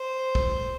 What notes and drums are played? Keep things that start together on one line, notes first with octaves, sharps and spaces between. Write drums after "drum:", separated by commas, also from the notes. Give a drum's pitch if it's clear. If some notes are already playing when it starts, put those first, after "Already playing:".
Already playing: C5
drum: kick